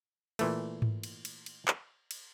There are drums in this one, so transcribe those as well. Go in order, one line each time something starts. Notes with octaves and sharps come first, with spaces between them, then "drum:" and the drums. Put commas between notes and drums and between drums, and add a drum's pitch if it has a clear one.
A#2 E3 A3, drum: cymbal
drum: tom G#2
drum: cymbal
drum: cymbal
drum: cymbal
drum: clap
drum: cymbal